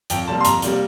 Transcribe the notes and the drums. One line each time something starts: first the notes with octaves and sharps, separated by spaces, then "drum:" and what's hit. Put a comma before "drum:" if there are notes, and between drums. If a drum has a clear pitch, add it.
F2 G5, drum: hi-hat
C3 G3 A#3 A5
C6
F2 A#5, drum: hi-hat
C3 G3 A#3, drum: hi-hat